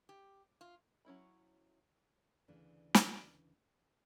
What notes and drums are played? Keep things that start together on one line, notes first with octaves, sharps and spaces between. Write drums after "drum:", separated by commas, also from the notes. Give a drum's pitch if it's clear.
G4
F4
F#3 C#4 E4 B5
D2 C#3 E3 D4
drum: snare